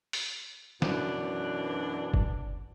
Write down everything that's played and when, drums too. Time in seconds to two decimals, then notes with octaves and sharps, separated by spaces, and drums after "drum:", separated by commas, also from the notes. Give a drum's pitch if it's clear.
0.13 drum: open hi-hat
0.82 F#2 B2 E3 D4, drum: snare
2.14 drum: kick F1